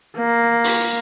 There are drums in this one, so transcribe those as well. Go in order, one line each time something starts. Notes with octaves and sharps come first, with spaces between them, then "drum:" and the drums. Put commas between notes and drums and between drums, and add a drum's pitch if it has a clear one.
A#3
drum: open hi-hat